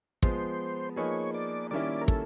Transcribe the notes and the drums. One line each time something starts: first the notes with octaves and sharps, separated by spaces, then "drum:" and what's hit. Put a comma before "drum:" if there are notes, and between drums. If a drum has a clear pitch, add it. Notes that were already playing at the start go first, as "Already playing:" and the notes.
F3 G#3 B3 C5, drum: kick
F3 A#3 D#4 G#4 B4 C#5
D5
D#3 G3 A#3 C#4 E4 D5
A#4
A4, drum: kick